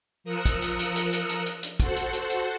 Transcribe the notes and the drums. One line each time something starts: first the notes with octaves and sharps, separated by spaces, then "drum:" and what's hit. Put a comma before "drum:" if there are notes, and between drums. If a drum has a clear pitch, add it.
F3 A#4 D#6 E6 F#6 C#7
drum: kick, hi-hat
drum: hi-hat
drum: hi-hat
drum: hi-hat
drum: hi-hat
drum: hi-hat
drum: hi-hat
drum: hi-hat
F#4 A4 C5 F#5, drum: kick, hi-hat
drum: hi-hat
drum: hi-hat
drum: hi-hat